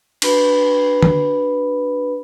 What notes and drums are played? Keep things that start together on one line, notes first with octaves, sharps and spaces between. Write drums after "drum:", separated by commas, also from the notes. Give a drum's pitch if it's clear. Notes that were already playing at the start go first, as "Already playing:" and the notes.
D4 F#4 B4 B5, drum: cymbal
drum: tom D3